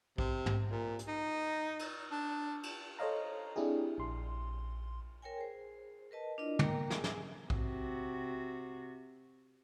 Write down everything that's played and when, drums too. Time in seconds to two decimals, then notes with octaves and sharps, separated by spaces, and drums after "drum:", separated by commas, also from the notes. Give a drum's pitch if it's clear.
0.18 C3, drum: kick
0.46 drum: tom
0.71 A#2
0.99 drum: hi-hat
1.08 D#4
1.79 drum: cymbal
2.11 D4
2.63 drum: cymbal
2.99 A4 C5 C#5 D#5 F5 A#5
3.56 C4 D4 E4 G4 G#4
3.98 A#1 C6
5.22 A#4 C#5 G5 G#5
5.38 G#4 C5
6.11 A#4 B4 D#5 A5
6.38 D4 E4 F4 A#4 D5 D#5
6.59 A#3 A#4 G5 A#5, drum: tom
6.90 G#4 G#5, drum: snare
7.04 drum: snare
7.50 C3 F#4, drum: kick